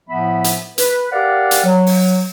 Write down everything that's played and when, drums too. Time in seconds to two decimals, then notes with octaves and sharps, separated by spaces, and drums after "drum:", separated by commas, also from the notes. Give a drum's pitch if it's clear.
0.09 A2 F3 B3 E5 B5
0.44 drum: hi-hat
0.78 B4, drum: hi-hat
1.12 G4 A#4 D5 F5 F#5
1.51 drum: hi-hat
1.64 F#3
1.87 drum: open hi-hat